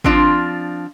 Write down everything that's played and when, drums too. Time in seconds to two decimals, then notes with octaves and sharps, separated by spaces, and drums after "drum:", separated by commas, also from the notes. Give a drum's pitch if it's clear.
0.04 F3 C4 D4 F4, drum: kick G1